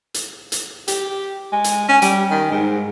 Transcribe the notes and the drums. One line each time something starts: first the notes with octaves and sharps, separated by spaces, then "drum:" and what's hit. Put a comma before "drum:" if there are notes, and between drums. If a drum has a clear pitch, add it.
drum: hi-hat
drum: hi-hat
G4, drum: hi-hat
G#3
drum: hi-hat
C#4
G3, drum: hi-hat
D#3
G#2